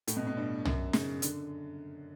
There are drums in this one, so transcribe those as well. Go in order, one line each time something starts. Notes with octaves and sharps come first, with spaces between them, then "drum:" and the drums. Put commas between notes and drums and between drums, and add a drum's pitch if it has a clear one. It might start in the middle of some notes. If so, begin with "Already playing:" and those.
A2, drum: hi-hat
B2
B2
G2
F#2, drum: tom
C#3, drum: snare
D3, drum: hi-hat